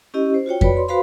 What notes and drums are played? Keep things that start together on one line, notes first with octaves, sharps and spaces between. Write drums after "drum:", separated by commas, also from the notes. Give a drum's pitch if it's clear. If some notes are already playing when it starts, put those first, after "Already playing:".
C#4 E4 G4 D#5
C5
F4 F#4 C#5 G5
F#4 B4 C#5 D5 B5, drum: kick F2
C6
F#4 B4 C5 F5 B5 C6